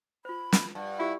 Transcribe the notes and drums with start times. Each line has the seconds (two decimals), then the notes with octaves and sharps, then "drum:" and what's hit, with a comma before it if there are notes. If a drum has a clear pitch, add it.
0.25 F4 C5 B5
0.53 drum: snare
0.75 G2 F#5 A5
0.99 E4 F4 G4